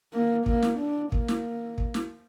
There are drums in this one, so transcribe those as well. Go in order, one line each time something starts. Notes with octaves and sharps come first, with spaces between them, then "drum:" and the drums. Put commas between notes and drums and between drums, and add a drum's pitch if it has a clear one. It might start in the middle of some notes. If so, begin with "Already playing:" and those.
A#3
A#3, drum: kick
drum: snare
D4
A#3, drum: kick
drum: snare
drum: kick
drum: snare